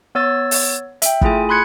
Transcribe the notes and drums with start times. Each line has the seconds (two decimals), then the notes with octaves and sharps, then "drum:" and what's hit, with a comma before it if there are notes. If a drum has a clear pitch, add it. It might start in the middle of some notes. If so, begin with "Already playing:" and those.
0.15 B3 C#5 E6 A6
0.51 drum: open hi-hat
1.02 E5 G5, drum: hi-hat
1.21 A3 E4 F4 G#4 G#5, drum: kick
1.49 B5 C6 F#6 G#6 C#7